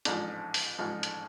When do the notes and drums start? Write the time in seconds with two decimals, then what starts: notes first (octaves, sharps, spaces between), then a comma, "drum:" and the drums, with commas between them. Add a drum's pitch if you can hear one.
0.05 A1 G#2 F3 D4, drum: hi-hat
0.54 drum: open hi-hat
0.79 A1 G#2 F3
1.03 drum: hi-hat